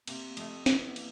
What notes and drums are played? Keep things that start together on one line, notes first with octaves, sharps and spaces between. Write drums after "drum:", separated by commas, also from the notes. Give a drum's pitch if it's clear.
C3 A#3, drum: cymbal
A#3
F2 A3, drum: cymbal
E3 B3, drum: snare
B3
A#3, drum: cymbal